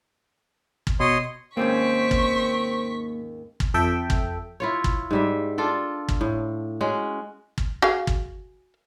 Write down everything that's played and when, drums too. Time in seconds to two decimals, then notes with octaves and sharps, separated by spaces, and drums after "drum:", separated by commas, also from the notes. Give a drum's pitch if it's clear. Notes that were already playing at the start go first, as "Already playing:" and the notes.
0.87 drum: kick
1.00 B2 C#5 D#5 C6
1.57 D#2 G#2 A#3 C4 C#4 C#6 B6
2.11 drum: kick
3.60 drum: kick
3.74 F2 A4 E5 G5
4.10 drum: kick
4.60 E4 F4 C#5
4.84 drum: kick
5.11 G#2 G3 E5
5.58 D4 F4 A4 G5
6.09 drum: kick
6.21 A2
6.81 G#3 C#4 F#4
7.58 drum: kick
7.82 F#4 G#4 F5
8.07 drum: kick